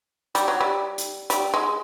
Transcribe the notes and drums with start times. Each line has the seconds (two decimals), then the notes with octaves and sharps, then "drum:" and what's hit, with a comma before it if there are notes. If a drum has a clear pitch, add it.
0.35 G3, drum: hi-hat
0.48 F#3
0.61 G3
0.98 drum: hi-hat
1.30 G3, drum: hi-hat
1.54 G#3